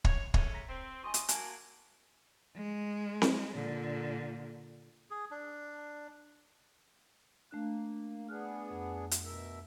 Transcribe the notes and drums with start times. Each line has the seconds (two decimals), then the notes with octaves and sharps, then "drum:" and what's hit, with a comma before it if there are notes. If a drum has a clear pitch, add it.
0.05 C#5, drum: kick
0.34 G#3 A3 C#4, drum: kick
0.54 A#5 A#6 B6
0.69 C4
1.03 D2 D#5 G#5 C6 C#6
1.14 drum: hi-hat
1.29 F#3 A#3 G#5 A5 F#6, drum: hi-hat
2.56 G#3
3.22 drum: snare C4
3.53 A#2 D3
5.10 G#4
5.31 D4
7.51 A3 A#3 D4 F#6
8.29 B3 D4 G#4 F6 F#6
8.71 F2
9.11 drum: hi-hat
9.24 B2 A#4 E5